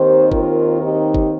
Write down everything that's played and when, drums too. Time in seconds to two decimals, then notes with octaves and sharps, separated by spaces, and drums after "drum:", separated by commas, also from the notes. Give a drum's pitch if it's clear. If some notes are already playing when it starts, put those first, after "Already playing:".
Already playing: D#2 D#3 C4 G4 C5
0.32 F4 A#4, drum: kick G1
0.81 D#4 G4
1.14 drum: kick G1